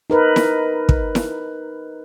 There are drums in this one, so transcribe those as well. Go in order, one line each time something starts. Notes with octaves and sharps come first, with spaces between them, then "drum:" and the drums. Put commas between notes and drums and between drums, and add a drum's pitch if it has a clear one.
D#4 A#4 B4
drum: snare E4
drum: kick
drum: snare E4